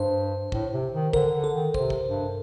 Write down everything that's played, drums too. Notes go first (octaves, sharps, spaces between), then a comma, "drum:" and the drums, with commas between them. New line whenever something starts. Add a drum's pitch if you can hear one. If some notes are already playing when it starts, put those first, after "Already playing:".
Already playing: G2 C5
A2, drum: kick
C3
D#3
D3 A#4, drum: kick
D3
A4
D#3
C3 C5, drum: kick
drum: kick
G2